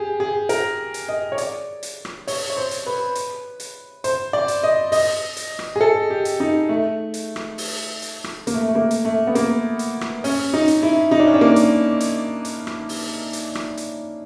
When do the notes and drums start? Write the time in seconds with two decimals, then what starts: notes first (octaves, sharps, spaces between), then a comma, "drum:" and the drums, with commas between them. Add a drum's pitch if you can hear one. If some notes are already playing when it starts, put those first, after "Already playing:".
Already playing: G4 G#4
0.20 G#4
0.49 A#4, drum: hi-hat
0.94 drum: hi-hat
1.09 D#5
1.32 C#5
1.38 D5, drum: hi-hat
1.83 drum: hi-hat
2.05 drum: rim click
2.27 C#5, drum: open hi-hat
2.50 C#5
2.57 C5
2.71 drum: hi-hat
2.86 B4
3.15 drum: hi-hat
3.60 drum: hi-hat
4.04 C5, drum: hi-hat
4.33 D5
4.48 drum: hi-hat
4.63 D#5
4.92 D#5, drum: open hi-hat
5.37 drum: hi-hat
5.59 drum: rim click
5.76 G#4
5.81 A4
6.10 G4
6.25 drum: hi-hat
6.40 D#4
6.69 A3
7.14 drum: hi-hat
7.36 drum: rim click
7.58 drum: open hi-hat
8.02 drum: hi-hat
8.24 drum: rim click
8.47 A#3, drum: hi-hat
8.54 A3
8.68 A3
8.75 A#3
8.91 drum: hi-hat
9.05 A3
9.27 B3
9.35 A#3, drum: hi-hat
9.79 drum: hi-hat
10.01 drum: rim click
10.24 C#4, drum: open hi-hat
10.54 D#4
10.68 drum: hi-hat
10.82 E4
11.11 D#4
11.20 D4
11.27 C#4
11.34 D4
11.41 A#3
11.56 drum: hi-hat
12.00 drum: hi-hat
12.45 drum: hi-hat
12.67 drum: rim click
12.89 drum: open hi-hat
13.33 drum: hi-hat
13.55 drum: rim click
13.77 drum: hi-hat